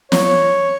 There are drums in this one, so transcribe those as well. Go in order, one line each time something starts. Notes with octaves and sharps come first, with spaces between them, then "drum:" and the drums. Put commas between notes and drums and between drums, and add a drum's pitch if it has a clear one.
C#5, drum: snare